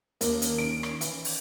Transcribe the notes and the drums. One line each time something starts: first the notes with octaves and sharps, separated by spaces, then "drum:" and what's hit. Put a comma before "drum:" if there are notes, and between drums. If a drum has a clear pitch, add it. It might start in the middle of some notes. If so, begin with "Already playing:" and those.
D#2 D#3 A#3 C#4 D4, drum: hi-hat
drum: hi-hat
D7
drum: rim click
E3, drum: hi-hat
drum: open hi-hat